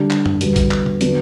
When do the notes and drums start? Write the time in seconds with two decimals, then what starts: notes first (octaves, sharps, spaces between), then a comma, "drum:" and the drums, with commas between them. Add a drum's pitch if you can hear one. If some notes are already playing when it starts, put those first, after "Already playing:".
Already playing: D3 G3 D4 G4
0.10 drum: clap
0.26 drum: tom
0.41 E2 D3 G3 B3 F#4, drum: hi-hat
0.56 drum: kick A#1, hi-hat
0.71 drum: clap
0.86 drum: tom
1.01 D3 F#3 B3 D4, drum: hi-hat